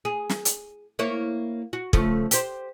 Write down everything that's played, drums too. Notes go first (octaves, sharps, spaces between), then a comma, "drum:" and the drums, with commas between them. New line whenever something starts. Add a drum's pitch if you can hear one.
G#4
drum: snare
drum: hi-hat
A#3 E4 C#5
F#4
C#3 F3 A3, drum: kick
G4 C5, drum: hi-hat